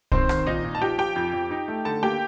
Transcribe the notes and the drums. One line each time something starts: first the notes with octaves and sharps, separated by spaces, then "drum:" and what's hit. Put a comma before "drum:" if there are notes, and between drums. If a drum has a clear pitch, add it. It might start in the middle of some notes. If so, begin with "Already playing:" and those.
D#3 C4 C5, drum: kick
D#3, drum: rim click
A#2 D#4 D#5
A#2
A5
F3 G4 G5
F3 G4 G5
F2
F2
D#4
A3
D3 A4 A5
A#3 G4 G5